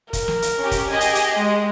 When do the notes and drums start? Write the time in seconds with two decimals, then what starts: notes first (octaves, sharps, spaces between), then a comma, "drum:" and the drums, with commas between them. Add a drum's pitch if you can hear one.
0.13 A#4, drum: kick, hi-hat
0.28 drum: snare
0.42 drum: hi-hat
0.59 C#4 G4
0.71 drum: kick, hi-hat
0.91 G4 G#4 D#5 G#5
1.01 drum: hi-hat
1.15 drum: hi-hat
1.36 G#3